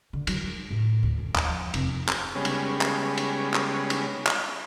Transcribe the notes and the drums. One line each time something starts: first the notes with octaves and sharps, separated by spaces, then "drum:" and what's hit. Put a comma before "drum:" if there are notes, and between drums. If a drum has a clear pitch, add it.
D3
F#3, drum: cymbal
G#3
A2
D2
F#2
D#2, drum: clap
F3
F1, drum: cymbal
drum: clap
C#3 G3 G#3 B3 C#4
drum: cymbal
drum: clap
drum: cymbal
drum: clap
drum: cymbal
drum: clap